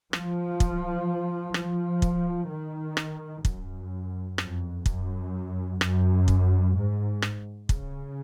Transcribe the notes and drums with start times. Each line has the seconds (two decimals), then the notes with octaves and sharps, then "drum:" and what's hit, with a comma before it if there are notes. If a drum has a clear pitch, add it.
0.13 F3, drum: rim click
0.60 drum: kick
1.54 F3, drum: rim click
2.02 drum: kick
2.50 D#3
2.97 drum: rim click
3.45 F#2, drum: kick
4.38 F2, drum: rim click
4.86 F#2, drum: kick
5.81 F#2, drum: rim click
6.28 drum: kick
6.76 G#2
7.22 drum: rim click
7.69 C#3, drum: kick